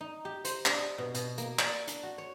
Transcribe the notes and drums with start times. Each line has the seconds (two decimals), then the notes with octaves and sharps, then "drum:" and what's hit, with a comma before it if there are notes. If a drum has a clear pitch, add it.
0.01 D#4
0.25 G4
0.44 C5, drum: hi-hat
0.66 D4, drum: clap
0.78 D#5
0.98 B2
1.15 B2, drum: hi-hat
1.38 A#3, drum: hi-hat
1.59 D5, drum: clap
1.87 D4, drum: hi-hat
2.03 F#4
2.18 C#5